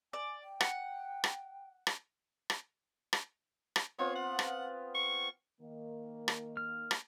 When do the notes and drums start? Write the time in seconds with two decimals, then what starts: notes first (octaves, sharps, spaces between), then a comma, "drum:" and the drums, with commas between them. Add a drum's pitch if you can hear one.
0.13 D5 G#5
0.43 G5
0.61 F#5, drum: rim click
1.24 drum: rim click
1.87 drum: rim click
2.50 drum: rim click
3.13 drum: rim click
3.76 drum: rim click
3.98 B3 C4 F4 C#5
4.16 F#5
4.39 drum: rim click
4.94 C#6
5.61 D#3 A#3
6.28 drum: rim click
6.57 F6
6.91 drum: rim click